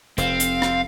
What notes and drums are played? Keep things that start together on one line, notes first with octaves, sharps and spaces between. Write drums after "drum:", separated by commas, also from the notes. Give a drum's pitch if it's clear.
F1 C4 F5, drum: hi-hat
drum: hi-hat
drum: rim click